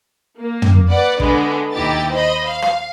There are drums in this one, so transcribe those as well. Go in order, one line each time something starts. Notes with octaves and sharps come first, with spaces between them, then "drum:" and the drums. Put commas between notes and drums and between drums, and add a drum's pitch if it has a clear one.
A#3
drum: tom
B4 D5 F#5
D3 G#3 B3, drum: kick
D#2 D#4 E4 G4 A6
C5 D#5 B5
F5
drum: rim click